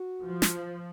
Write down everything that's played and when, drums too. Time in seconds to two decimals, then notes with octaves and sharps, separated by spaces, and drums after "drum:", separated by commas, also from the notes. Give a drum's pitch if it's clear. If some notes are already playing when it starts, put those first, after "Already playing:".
Already playing: F#4
0.24 F3
0.42 drum: snare